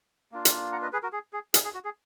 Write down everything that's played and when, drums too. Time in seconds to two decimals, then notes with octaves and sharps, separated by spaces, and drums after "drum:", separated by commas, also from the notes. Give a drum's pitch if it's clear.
0.32 A#3 D4 F4
0.45 drum: hi-hat
0.72 F#5 A#5
0.82 B4 D#5
0.93 G#4 B4
1.03 F#4 A#4
1.13 G#4
1.33 G#4
1.54 G#4, drum: hi-hat
1.64 G#4
1.74 F#4
1.85 G#4